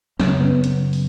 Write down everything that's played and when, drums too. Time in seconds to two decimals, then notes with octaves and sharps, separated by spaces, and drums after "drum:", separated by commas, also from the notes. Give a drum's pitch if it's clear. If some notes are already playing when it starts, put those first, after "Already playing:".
0.20 F#2 C#3 C#4, drum: snare
0.40 B3
0.64 drum: hi-hat
0.93 drum: open hi-hat